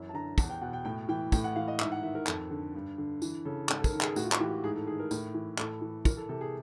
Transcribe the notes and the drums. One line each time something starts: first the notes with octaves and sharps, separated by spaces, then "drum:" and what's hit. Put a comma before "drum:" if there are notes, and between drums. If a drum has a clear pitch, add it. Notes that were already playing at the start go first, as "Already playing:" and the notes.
Already playing: F#2 E3
A5
D3 A#5
E2 A5, drum: kick, tambourine
G5
B2 F#5
G5
A2 G5
E3 G5
A2 G5, drum: kick, tambourine
F#5
E3 F5
D#5
G#2 E5, drum: clap
F#5
D#3 E5
A#4
F2 A4, drum: clap
D3
G2
D3
E3, drum: tambourine
C#3 A4
G#2 A4, drum: clap
A4
A#4, drum: kick, tambourine
D#3
G#4, drum: clap
A2 F#4, drum: tambourine
F4
F#4, drum: clap
E3 G4
G#2 G#4
A4
D#3 G#4
A#4
A2, drum: tambourine
E3
A2 A4, drum: clap
E3
E3 A#4, drum: kick, tambourine
A4
C3 A4
G#4